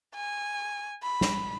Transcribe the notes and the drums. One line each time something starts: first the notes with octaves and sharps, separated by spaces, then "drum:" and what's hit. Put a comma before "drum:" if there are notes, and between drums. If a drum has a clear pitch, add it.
G#5
B5
drum: snare